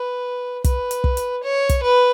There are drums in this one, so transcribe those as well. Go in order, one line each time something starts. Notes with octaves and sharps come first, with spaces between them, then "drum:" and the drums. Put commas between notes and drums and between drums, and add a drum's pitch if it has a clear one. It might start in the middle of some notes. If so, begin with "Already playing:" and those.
Already playing: B4
B4, drum: kick, hi-hat
drum: hi-hat
drum: kick
drum: hi-hat
C#5
drum: kick, hi-hat
B4